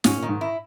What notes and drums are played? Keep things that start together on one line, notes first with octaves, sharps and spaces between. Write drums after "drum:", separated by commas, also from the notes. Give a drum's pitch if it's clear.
G#2 C#4, drum: snare
A#2
D#3
G#2
E4